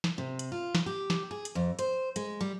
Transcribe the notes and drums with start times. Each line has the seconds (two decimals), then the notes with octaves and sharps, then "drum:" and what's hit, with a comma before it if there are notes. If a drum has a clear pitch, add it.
0.04 drum: snare
0.18 C3
0.39 drum: hi-hat
0.52 F4
0.75 drum: snare
0.86 G4
1.10 drum: snare
1.31 G#4
1.45 drum: hi-hat
1.55 F2
1.79 C5, drum: hi-hat
2.16 G#3, drum: hi-hat
2.41 G3